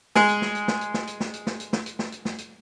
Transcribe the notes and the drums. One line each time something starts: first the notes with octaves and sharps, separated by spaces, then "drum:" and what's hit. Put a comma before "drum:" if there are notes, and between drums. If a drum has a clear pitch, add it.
G#3 G#4, drum: snare
drum: hi-hat
drum: snare
drum: hi-hat
drum: snare
drum: hi-hat
drum: snare
drum: hi-hat
drum: snare
drum: hi-hat
drum: snare
drum: hi-hat
drum: snare
drum: hi-hat
drum: snare
drum: hi-hat
drum: snare
drum: hi-hat